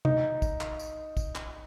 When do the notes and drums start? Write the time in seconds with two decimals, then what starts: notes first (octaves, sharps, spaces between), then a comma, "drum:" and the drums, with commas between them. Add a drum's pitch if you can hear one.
0.05 D#4, drum: tom C3
0.42 drum: kick, tambourine
0.61 drum: clap
0.79 drum: tambourine
1.17 drum: kick, tambourine
1.35 drum: clap